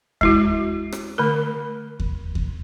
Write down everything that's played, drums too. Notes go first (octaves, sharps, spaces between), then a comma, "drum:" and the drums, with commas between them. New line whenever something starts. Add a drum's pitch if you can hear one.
G#3 E4 F#4, drum: kick D#2
drum: rim click
D3 A3 A#4
drum: kick D#2
drum: kick D#2